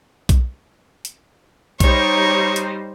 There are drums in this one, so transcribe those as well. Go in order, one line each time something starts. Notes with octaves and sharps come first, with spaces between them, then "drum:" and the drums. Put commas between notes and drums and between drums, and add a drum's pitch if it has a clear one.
drum: kick B1, hi-hat
drum: hi-hat
G3 D#4 C5 C#5, drum: kick B1, hi-hat
drum: hi-hat